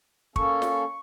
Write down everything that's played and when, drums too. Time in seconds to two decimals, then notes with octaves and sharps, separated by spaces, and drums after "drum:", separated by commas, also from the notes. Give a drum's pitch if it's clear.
0.36 A#3 C#4 A4 C#6, drum: kick
0.62 drum: snare